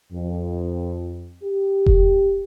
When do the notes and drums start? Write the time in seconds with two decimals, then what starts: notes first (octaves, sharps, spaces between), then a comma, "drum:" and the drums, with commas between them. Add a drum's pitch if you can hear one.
0.12 F2
1.43 G4
1.86 drum: kick E1